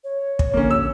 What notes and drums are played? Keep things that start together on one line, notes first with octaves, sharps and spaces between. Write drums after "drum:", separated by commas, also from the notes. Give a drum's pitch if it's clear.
C#5
drum: kick
A#1 D3 A#3 C#4
E6